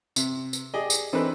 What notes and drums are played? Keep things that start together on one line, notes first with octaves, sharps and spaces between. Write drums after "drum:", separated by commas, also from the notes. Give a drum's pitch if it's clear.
C3, drum: tambourine
drum: tambourine
G4 G#4 D5 D#5
drum: tambourine
E3 C4 D4 D#4 A4 B4